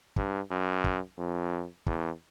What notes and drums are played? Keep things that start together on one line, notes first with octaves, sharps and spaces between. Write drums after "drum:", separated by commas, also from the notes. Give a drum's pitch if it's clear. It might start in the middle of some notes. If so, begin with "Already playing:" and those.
G2, drum: kick
F#2
drum: kick
F2
E2, drum: kick